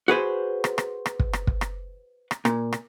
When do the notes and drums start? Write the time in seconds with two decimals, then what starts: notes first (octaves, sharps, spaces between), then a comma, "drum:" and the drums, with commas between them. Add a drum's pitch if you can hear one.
0.08 F#4 G#4 B4 C5
0.64 drum: rim click
0.78 drum: rim click
1.06 drum: rim click
1.19 drum: kick
1.33 drum: rim click
1.47 drum: kick
1.61 drum: rim click
2.31 drum: rim click
2.45 A#2, drum: rim click
2.72 drum: rim click